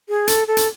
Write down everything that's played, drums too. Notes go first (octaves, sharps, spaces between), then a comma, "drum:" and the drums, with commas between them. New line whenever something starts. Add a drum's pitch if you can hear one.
G#4
A4, drum: hi-hat
A4
drum: hi-hat